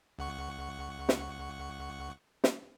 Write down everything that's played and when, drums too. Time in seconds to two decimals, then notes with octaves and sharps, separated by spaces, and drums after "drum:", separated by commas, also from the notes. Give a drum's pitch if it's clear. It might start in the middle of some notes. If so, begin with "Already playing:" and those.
0.19 C#2 F#5 C#6
1.09 drum: snare
2.44 drum: snare